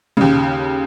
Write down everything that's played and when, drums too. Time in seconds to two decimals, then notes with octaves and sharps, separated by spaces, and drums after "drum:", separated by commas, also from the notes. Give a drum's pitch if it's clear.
0.17 D#2 C#3, drum: tom